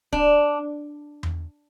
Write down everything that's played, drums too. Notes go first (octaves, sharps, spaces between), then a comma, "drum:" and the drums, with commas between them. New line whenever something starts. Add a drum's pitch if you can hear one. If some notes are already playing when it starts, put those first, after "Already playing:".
D4, drum: kick D1
drum: tom E2